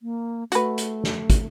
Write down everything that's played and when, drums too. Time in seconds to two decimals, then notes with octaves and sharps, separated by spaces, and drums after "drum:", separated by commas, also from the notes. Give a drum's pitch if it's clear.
0.01 A#3
0.52 A3 F#4 B4, drum: hi-hat
0.78 drum: hi-hat
1.04 drum: snare
1.30 drum: kick, hi-hat